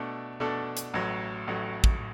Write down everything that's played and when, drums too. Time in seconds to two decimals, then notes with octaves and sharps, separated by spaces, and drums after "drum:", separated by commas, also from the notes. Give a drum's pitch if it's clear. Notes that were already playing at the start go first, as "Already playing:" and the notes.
Already playing: B2 A3 D4 A4
0.40 B2 A3 D4 A4
0.77 drum: hi-hat
0.94 A1 A2 F#3
1.47 A1 A2 F#3
1.84 drum: kick